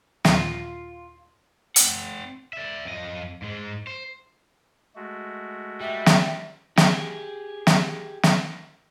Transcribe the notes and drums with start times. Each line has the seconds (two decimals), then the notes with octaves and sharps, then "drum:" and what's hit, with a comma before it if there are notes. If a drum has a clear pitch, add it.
0.25 D#2 A#2 F4, drum: snare
1.76 C4 F#5, drum: hi-hat
2.53 D5 E5
2.85 F2 D#5
3.42 G#2 G#3
3.87 C5
4.95 G#3 A3 F#4
5.81 G3 E5
6.06 drum: snare
6.77 G4 G#4, drum: snare
7.67 drum: snare
8.23 drum: snare